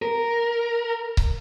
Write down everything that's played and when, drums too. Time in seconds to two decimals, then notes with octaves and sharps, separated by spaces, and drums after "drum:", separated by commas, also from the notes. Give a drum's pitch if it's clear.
0.02 A#4
1.17 drum: kick C#1